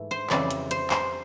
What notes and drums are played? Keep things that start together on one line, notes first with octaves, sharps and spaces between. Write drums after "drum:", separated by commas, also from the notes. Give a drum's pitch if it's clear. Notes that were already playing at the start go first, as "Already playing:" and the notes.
Already playing: G#2 E3 A3
C5
F2 C#3 E3 G3 C4 D5, drum: clap
drum: hi-hat
C5, drum: hi-hat
C5, drum: clap